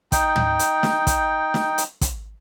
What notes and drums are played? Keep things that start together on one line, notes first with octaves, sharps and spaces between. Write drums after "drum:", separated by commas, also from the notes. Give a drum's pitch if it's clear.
D#4 G5, drum: kick, hi-hat
drum: tom
drum: hi-hat
drum: snare
drum: kick, hi-hat
drum: snare
drum: hi-hat
drum: kick, hi-hat